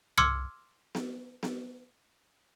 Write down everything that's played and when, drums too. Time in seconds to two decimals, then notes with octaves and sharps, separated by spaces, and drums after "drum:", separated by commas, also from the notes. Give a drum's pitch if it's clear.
0.18 C6 D6 E6 F6 G#6 C#7, drum: tom C2
0.95 drum: snare B3
1.43 drum: snare B3